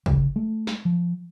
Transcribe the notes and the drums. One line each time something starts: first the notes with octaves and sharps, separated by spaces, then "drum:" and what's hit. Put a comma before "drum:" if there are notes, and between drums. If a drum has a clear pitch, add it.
C#3, drum: kick
A3
drum: snare
F3